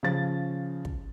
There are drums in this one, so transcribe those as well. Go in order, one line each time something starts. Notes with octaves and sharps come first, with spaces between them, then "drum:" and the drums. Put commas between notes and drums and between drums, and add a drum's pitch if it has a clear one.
C#3 F3 A6
drum: kick